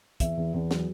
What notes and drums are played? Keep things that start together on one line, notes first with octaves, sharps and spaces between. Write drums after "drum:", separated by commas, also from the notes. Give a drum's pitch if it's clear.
E2 E5, drum: kick, hi-hat
E2
E2
F#3, drum: snare